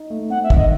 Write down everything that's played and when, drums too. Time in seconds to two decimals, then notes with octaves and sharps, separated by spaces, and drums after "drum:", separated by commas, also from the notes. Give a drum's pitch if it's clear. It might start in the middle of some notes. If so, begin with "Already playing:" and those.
Already playing: D#4
0.10 A3
0.30 C4 F#5
0.43 E5
0.50 D#3, drum: kick
0.56 D#5